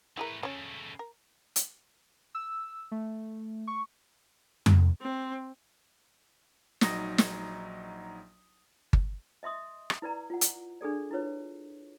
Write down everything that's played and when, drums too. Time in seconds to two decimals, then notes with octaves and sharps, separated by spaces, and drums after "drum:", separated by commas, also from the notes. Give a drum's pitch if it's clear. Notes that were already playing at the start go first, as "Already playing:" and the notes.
0.17 A3 E4 G#4 A#4 B4
0.43 C#3 A3 C#4 C#5
0.99 A#4
1.56 drum: hi-hat
2.35 E6
2.91 A3
3.67 C#6
4.66 drum: tom F2
5.02 C4
6.81 A#1 F#3 D#4 D#6 A#6, drum: snare
7.18 drum: snare
8.93 drum: kick G1
9.43 D#5 E5 C6 D#6
9.90 drum: rim click
10.02 E4 B4 D5 A#5
10.30 F4 F#5
10.41 drum: hi-hat
10.81 D4 G#4 A4 D5
11.11 E4 F4 B4 C#5